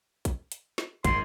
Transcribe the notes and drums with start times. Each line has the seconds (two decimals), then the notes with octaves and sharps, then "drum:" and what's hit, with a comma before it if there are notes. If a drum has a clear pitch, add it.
0.25 drum: kick, hi-hat
0.52 drum: hi-hat
0.78 drum: snare
1.04 G#1 F#2 D#3 C6, drum: kick, hi-hat